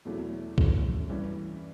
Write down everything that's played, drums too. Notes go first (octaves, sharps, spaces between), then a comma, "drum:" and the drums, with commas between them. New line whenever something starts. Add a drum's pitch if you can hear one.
E2 B2 F#3 A3 E4
F#2 E3 A3 C#4, drum: kick C2
G2 E3 G3 C#4